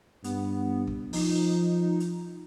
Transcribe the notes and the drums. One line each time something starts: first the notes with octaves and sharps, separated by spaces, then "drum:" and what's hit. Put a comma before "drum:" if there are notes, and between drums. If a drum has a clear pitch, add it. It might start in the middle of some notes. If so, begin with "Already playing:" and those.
G2 B3, drum: hi-hat
drum: kick
F3 D#4, drum: open hi-hat
drum: hi-hat